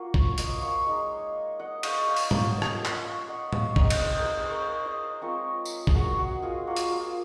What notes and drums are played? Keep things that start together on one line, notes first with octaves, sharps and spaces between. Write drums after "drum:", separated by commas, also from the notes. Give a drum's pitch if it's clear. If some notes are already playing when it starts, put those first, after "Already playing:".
Already playing: A#3 F4 F#4
A#4 C#5, drum: kick
C5 D#5, drum: hi-hat
F#5
C#5 F5
G#3 D#4
D#5 F#5
C#5 F5, drum: cymbal
C#5 F5
drum: open hi-hat
A#3 C#4 F4 D#5 F#5, drum: tom G#2
drum: rim click
drum: clap
C#5 F5
D#5 F#5
C#5 F5, drum: tom A2
G#3 C4 D#4 C5 D#5, drum: kick
drum: cymbal
C5 D#5
A#4
G#4 C5
C5
A#4 C#5
C5 D#5
G#3 C4 F4 A#4 C#5
drum: tambourine
G#4, drum: kick
F#4 A#4
F#4
F4 G#4
A#3 F4 F#4
drum: hi-hat
F4